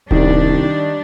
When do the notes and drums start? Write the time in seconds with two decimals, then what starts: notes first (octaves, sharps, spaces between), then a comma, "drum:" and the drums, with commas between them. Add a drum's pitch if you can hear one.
0.11 C2 D#3 G3 D4, drum: kick D#1